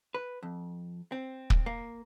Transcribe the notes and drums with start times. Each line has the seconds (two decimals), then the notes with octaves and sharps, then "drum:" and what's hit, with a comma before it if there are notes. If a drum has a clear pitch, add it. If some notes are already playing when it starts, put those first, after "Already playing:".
0.14 B4
0.43 F2
1.12 C4
1.50 drum: kick
1.66 A#3